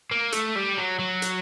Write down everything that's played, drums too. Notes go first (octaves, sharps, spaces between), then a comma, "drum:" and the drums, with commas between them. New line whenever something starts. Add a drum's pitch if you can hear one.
A#3
A3, drum: hi-hat
G3
F#3
F#3
drum: hi-hat